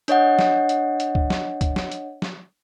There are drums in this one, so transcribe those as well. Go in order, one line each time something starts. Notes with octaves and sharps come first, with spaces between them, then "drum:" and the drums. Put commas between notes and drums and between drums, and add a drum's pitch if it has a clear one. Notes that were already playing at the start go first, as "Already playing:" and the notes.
D4 C#5 D#5 F#5, drum: hi-hat
drum: snare
drum: hi-hat
drum: hi-hat
drum: kick C#2
drum: snare
drum: kick C#2, hi-hat
drum: snare
drum: hi-hat
drum: snare